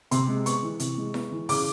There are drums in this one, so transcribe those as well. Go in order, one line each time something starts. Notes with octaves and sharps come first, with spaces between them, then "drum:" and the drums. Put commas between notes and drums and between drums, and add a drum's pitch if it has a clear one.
C3 C6, drum: hi-hat
G#3
B3 C#6, drum: hi-hat
E3
C3, drum: hi-hat
G#3
B3, drum: snare E4
E3
C#3 D6, drum: open hi-hat